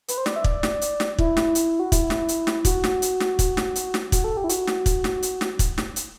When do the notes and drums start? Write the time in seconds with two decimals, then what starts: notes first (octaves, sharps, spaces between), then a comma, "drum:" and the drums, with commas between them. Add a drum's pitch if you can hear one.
0.08 B4, drum: hi-hat
0.18 C5
0.26 D5, drum: snare
0.36 E5
0.44 D5, drum: kick
0.63 drum: snare
0.81 drum: hi-hat
1.00 drum: snare
1.18 E4, drum: kick
1.37 drum: snare
1.55 drum: hi-hat
1.80 F#4
1.92 E4, drum: kick, hi-hat
2.10 drum: snare
2.28 drum: hi-hat
2.47 drum: snare
2.65 F#4, drum: kick, hi-hat
2.84 drum: snare
3.02 drum: hi-hat
3.20 drum: snare
3.39 drum: kick, hi-hat
3.57 drum: snare
3.75 drum: hi-hat
3.94 drum: snare
4.12 F#4, drum: kick, hi-hat
4.24 A4
4.37 G4
4.44 E4
4.49 F#4, drum: hi-hat
4.67 drum: snare
4.86 drum: kick, hi-hat
5.04 drum: snare
5.23 drum: hi-hat
5.41 drum: snare
5.59 drum: kick, hi-hat
5.78 drum: snare
5.96 drum: hi-hat